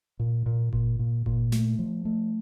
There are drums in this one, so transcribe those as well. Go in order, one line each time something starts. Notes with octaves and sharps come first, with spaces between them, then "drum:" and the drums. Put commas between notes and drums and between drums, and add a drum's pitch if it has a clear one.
A#2
A#2
A#2, drum: kick G1
A#2
A#2, drum: kick G1
A3, drum: snare
F3
A3